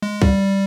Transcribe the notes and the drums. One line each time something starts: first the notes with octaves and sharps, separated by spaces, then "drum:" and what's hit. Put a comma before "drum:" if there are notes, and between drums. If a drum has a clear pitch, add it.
G#3
G3, drum: kick